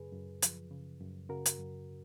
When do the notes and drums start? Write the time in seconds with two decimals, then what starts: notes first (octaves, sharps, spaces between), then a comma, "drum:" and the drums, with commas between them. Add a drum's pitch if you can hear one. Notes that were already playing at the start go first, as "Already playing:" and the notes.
Already playing: F#2 C#3 G#4 B4
0.12 F#2
0.42 F3, drum: hi-hat
0.71 C#3
1.01 F#2
1.29 C#3 F#4 A#4
1.46 drum: hi-hat
1.59 F#2